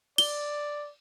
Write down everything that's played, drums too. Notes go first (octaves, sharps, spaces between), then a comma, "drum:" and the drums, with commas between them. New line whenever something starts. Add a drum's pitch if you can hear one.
D5 G7, drum: cymbal